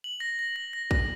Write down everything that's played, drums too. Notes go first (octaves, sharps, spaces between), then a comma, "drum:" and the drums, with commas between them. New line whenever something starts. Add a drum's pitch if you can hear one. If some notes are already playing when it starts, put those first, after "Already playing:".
F#7
A#6
A#6
A#6
A#6
A#6, drum: kick